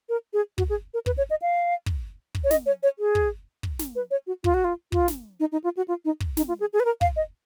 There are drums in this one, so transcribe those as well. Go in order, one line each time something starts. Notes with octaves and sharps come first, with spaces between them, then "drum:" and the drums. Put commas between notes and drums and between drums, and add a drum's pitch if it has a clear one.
A#4
G#4
F#4, drum: kick
G#4
A#4
B4, drum: kick
C#5
D#5
F5
drum: kick
drum: kick
C#5
D#5, drum: snare
C#5
C#5
G#4
drum: kick
drum: kick
drum: snare
B4
C#5
F#4
F4, drum: kick
F#4
F4
F4, drum: kick
drum: snare
D#4
D#4
F4
F#4
F4
D#4
drum: kick
D#4, drum: snare
F4
G#4
G#4
B4
A#4
F5, drum: kick
D#5